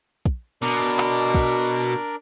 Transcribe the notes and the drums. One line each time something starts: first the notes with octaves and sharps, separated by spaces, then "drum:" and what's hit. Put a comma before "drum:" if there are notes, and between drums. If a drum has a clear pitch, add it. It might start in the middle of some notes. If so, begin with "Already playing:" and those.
drum: kick, hi-hat
B2 D4 A#4 D5
drum: clap
drum: kick
drum: hi-hat